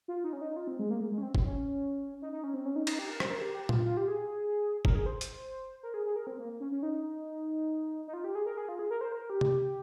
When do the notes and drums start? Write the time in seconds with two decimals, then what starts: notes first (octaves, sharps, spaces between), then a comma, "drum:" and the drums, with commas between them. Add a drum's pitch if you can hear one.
0.08 F4
0.24 D#4
0.33 C#4
0.41 D#4
0.56 F4
0.67 C4
0.79 G#3
0.90 A#3
1.00 G#3
1.12 G#3
1.18 C#4
1.23 C4
1.35 drum: kick
1.45 C#4
2.22 D#4
2.33 D#4
2.44 C#4
2.54 C4
2.66 C#4
2.76 D#4
2.87 D#4, drum: cymbal
2.99 G4
3.09 A#4
3.20 C5, drum: rim click
3.31 A#4
3.42 G4
3.54 G4
3.69 F4, drum: tom A#2
3.86 F4
3.97 G4
4.08 G#4
4.85 A#4, drum: kick
4.95 G#4
5.06 C5
5.21 drum: hi-hat
5.83 A#4
5.94 G#4
6.06 G#4
6.16 A#4
6.27 C4
6.39 A#3
6.60 C#4
6.72 C#4
6.83 D#4
8.08 D#4
8.13 F4
8.24 G4
8.35 G#4
8.46 A#4
8.57 G#4
8.69 F4
8.79 G#4
8.91 A#4
9.01 C5
9.12 A#4
9.30 G4
9.41 drum: tom C3